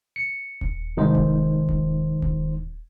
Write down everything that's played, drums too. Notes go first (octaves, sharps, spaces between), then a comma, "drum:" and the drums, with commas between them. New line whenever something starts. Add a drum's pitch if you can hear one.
C#7
drum: kick D#1
C2 G#2 D#3 D#4 C5
drum: kick D#1
drum: kick D#1
drum: kick D#1